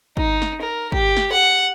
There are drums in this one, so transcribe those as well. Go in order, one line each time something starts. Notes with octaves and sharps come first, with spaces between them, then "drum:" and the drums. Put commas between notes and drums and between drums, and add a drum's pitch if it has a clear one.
D#4, drum: kick
drum: snare
A#4
G4, drum: kick
drum: snare
F#5